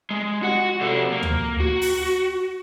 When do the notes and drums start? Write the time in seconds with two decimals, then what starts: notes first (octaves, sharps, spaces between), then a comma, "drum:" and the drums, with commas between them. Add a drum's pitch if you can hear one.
0.11 G#3
0.43 F#4 F#5
0.81 C3 A4
1.12 A#3
1.23 drum: tom D2
1.60 F#4
1.81 drum: open hi-hat